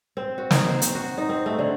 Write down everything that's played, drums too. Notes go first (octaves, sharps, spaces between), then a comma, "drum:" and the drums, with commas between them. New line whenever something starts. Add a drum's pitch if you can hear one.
C4
F#4
D#4, drum: snare
C5
C4, drum: hi-hat
F#4
D#4
C4
A3
D3